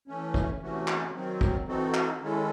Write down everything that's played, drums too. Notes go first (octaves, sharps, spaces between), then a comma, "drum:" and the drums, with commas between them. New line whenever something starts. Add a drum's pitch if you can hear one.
E3 A3 C#4
drum: kick
C3 E3 A3 C#4 F#4
drum: clap
D#3 F#3 C4
drum: kick
E3 C4 D#4 F#4 A4
drum: clap
D#3 G#3 C#4 E4 A4